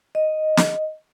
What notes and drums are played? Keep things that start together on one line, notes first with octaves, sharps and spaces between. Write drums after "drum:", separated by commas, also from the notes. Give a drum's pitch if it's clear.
D#5
drum: snare